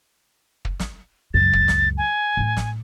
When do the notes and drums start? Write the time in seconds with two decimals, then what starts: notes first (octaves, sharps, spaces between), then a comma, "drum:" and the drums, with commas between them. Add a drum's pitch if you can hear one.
0.65 drum: kick
0.80 drum: snare
1.34 C#2 F#2 A6
1.53 drum: kick
1.68 drum: snare
1.98 G#5
2.37 A2 D4
2.57 drum: snare